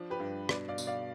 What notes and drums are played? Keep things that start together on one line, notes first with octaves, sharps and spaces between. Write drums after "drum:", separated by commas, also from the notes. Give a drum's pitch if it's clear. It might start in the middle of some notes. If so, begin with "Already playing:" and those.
Already playing: F3 D4
G4 B4
G2
B2 B4 D5, drum: rim click
D5 F5
B2, drum: tambourine
D5 F5